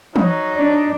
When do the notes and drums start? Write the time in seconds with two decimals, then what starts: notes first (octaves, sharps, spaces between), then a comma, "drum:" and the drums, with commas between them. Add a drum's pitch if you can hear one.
0.16 F#3 D#4, drum: tom E3
0.57 D4